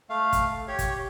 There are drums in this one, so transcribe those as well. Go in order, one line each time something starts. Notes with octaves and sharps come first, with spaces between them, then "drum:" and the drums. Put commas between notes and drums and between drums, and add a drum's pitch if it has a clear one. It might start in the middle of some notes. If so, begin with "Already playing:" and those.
A3 F5
drum: kick, hi-hat
G4 C#5
drum: kick, hi-hat